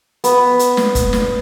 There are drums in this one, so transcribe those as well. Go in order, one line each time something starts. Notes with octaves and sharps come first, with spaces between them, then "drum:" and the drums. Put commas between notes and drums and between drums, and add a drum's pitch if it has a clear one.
B3, drum: hi-hat
drum: hi-hat
drum: snare
drum: kick F1, hi-hat
drum: snare